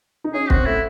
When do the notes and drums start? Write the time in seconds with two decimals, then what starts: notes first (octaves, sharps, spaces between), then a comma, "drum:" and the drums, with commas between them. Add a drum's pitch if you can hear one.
0.24 D#4
0.33 C#4 G#4
0.50 C4 F#4, drum: kick
0.66 A3 E4